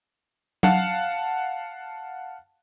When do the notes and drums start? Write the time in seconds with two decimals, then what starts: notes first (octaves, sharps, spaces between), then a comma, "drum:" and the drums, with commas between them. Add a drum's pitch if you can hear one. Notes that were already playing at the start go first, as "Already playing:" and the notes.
0.63 F5 F#5 A5, drum: tom F#3